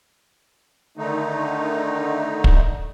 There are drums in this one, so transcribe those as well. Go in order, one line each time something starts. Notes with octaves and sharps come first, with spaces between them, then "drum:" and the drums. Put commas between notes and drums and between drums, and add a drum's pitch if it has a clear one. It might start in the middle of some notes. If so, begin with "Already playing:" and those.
D3 D#3 A3 D#4
drum: kick